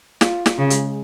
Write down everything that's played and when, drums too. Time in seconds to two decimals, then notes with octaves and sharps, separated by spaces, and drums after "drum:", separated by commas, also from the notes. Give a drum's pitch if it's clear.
0.21 F4, drum: snare
0.46 F4, drum: snare
0.58 C#3
0.70 G#3, drum: hi-hat